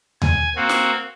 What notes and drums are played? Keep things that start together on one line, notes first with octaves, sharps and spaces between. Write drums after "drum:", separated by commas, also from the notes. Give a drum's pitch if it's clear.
G#5, drum: tom D#2
A#3 C4 F#4
drum: snare